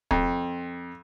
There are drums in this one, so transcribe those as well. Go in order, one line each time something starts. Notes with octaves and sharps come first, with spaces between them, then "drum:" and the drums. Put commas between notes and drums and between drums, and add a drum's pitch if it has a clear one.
F2, drum: kick